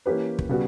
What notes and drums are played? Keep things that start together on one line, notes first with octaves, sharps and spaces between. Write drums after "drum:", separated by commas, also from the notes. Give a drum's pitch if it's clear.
E3 A#3 C#4 G4 B4
drum: kick
C#3 G3 B3 F#4